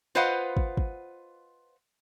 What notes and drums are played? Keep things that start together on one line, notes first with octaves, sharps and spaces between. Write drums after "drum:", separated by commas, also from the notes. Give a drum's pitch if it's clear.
F4 B4 C5 D#5 F5 F#5
drum: kick
drum: kick